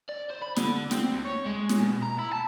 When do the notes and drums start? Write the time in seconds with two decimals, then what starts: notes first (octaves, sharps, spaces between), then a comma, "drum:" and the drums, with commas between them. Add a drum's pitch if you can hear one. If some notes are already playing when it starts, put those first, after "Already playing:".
0.09 D5
0.30 C5
0.42 B5
0.57 D3, drum: snare
0.91 C4, drum: snare
1.13 D2
1.25 C#5
1.45 G#3
1.69 drum: snare
1.79 B2
2.03 A#5
2.19 E4
2.33 A5